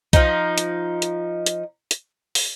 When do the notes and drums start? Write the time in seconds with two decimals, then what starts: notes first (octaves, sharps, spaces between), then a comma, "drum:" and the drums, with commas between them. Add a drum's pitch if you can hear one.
0.13 F3 D#4, drum: kick B1, hi-hat
0.58 drum: hi-hat
1.02 drum: hi-hat
1.46 drum: hi-hat
1.91 drum: hi-hat
2.35 drum: open hi-hat